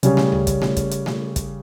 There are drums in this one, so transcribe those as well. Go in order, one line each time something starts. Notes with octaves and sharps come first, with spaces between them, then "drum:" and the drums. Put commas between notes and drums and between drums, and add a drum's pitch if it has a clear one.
C#3 G3 C#4, drum: hi-hat
drum: snare A3
drum: tom C#2
drum: kick, hi-hat
drum: snare A3
drum: kick, hi-hat
drum: hi-hat
drum: snare A3
drum: kick, hi-hat